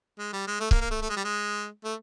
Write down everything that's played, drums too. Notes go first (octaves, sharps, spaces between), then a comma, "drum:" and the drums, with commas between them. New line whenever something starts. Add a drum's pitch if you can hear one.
G#3
G3
G#3
A3
A#3, drum: kick C#1
A#3
A3
A3
G#3
G3
G#3
A3